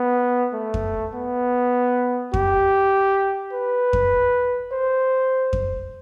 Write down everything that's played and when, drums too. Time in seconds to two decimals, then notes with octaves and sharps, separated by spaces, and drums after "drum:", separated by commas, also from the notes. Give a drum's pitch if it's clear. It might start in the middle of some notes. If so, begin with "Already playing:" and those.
Already playing: B3
0.53 A3
0.74 drum: kick F2
1.14 B3
2.34 G4, drum: kick F2
3.53 B4
3.93 drum: kick F2
4.73 C5
5.53 drum: kick F2